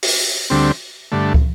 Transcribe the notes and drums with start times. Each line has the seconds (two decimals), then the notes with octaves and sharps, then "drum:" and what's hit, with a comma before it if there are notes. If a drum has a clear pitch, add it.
0.03 drum: open hi-hat
0.50 D2 D3 G3 C4
1.12 G2 D3 A3
1.34 drum: kick